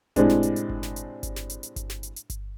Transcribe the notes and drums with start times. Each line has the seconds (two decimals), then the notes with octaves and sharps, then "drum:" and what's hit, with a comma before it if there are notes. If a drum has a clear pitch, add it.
0.16 A2 C3 G#3 C4 D4, drum: kick G1, hi-hat
0.29 drum: snare
0.43 drum: hi-hat
0.56 drum: hi-hat
0.70 drum: kick G1
0.83 drum: snare
0.96 drum: hi-hat
1.23 drum: kick G1, hi-hat
1.36 drum: snare
1.50 drum: hi-hat
1.63 drum: hi-hat
1.76 drum: kick G1, hi-hat
1.90 drum: snare
2.03 drum: hi-hat
2.16 drum: hi-hat
2.30 drum: kick G1, hi-hat